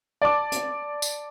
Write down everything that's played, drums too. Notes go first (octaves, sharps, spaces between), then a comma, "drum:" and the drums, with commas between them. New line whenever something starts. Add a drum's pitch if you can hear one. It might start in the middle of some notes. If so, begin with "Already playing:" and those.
D5 A5 D6
drum: hi-hat
drum: tambourine